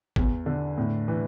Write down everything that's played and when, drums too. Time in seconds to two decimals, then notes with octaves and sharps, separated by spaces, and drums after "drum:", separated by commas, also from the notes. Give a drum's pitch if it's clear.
0.16 E2, drum: kick
0.46 D3
0.78 A2
1.08 E3